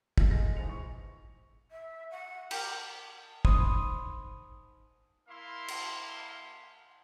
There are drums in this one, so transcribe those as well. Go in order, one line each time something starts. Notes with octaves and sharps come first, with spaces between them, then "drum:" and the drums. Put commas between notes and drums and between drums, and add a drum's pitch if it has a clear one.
D#4 F4 A4 D#5, drum: kick
G#3 D#4 D#5 A#6
A#1 E2 C5 C#7 F7
C#6
E5
F#5
G4 A#4, drum: cymbal
D#4 C5 B5 C6 D#6 D#7, drum: kick
A#3 E4 F5 C6
drum: cymbal